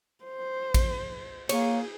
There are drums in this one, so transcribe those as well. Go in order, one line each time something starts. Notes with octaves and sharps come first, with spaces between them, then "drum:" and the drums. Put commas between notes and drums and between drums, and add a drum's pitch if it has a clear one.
C5
drum: kick A1, cymbal
A#3 G#4 C#5, drum: cymbal